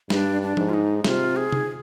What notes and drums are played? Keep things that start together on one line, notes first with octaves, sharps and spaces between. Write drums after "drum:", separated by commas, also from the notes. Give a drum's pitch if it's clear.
G2 D4, drum: snare
D4
G#2, drum: tom F3
F4
D#4
C3 F4, drum: snare
G#4
drum: tom